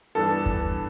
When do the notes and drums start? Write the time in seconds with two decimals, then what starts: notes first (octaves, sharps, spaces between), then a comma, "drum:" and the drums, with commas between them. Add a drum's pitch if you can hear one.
0.15 G2 E3 B3 D4 A4
0.46 drum: kick